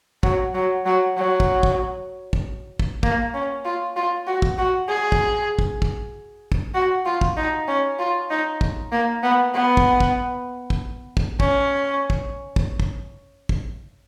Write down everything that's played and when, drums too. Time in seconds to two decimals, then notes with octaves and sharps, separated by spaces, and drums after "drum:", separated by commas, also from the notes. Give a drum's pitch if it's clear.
0.23 F#3, drum: kick
0.54 F#3
0.85 F#3
1.17 F#3
1.40 drum: kick
1.63 drum: kick
2.33 drum: kick
2.79 drum: kick
3.03 A#3, drum: kick
3.34 C#4
3.65 F4
3.96 F4
4.27 F#4
4.42 drum: kick
4.58 F#4
4.88 G#4
5.12 drum: kick
5.59 drum: kick
5.82 drum: kick
6.52 drum: kick
6.74 F#4
7.05 F4
7.21 drum: kick
7.37 D#4
7.68 C#4
7.99 F4
8.30 D#4
8.61 drum: kick
8.92 A#3
9.23 B3
9.54 B3
9.77 drum: kick
10.00 drum: kick
10.70 drum: kick
11.17 drum: kick
11.40 C#4, drum: kick
12.10 drum: kick
12.56 drum: kick
12.80 drum: kick
13.49 drum: kick